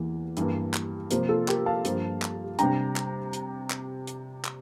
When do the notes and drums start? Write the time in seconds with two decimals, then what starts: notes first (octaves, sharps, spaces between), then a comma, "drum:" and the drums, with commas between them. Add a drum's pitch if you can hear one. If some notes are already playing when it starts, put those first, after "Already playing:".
Already playing: E2 E3 A#3
0.37 G2 E3 A#3, drum: hi-hat
0.74 drum: clap
1.11 C3 F3 A#3, drum: hi-hat
1.29 F4 A4
1.48 G4 A#4, drum: clap
1.66 F5 A5
1.85 G2 F3 A#3, drum: hi-hat
2.22 drum: clap
2.59 C3 G3 D4 G5 A#5, drum: hi-hat
2.96 drum: clap
3.33 drum: hi-hat
3.70 drum: clap
4.07 drum: hi-hat
4.45 drum: clap